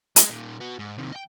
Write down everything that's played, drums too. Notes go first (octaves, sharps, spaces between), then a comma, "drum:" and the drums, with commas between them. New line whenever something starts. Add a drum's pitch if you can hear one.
G#3 G#4, drum: hi-hat
A#2 D#3
B3 F#4
G#2
C3 D#3
D#5 G5